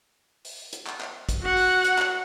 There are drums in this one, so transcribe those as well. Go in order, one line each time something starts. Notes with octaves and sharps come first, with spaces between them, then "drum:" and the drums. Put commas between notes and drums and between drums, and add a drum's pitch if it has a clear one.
drum: open hi-hat
drum: hi-hat
drum: clap
drum: clap
drum: kick, hi-hat
F#4 F#5
drum: open hi-hat
drum: hi-hat
drum: clap